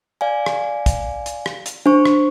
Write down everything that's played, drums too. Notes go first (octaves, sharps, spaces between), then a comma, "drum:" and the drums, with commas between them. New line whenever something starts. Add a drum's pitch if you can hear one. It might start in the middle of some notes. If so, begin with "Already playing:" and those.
D5 F5 G#5
drum: rim click
drum: kick, hi-hat
drum: hi-hat
drum: rim click
drum: hi-hat
D4 C5 C#6
drum: rim click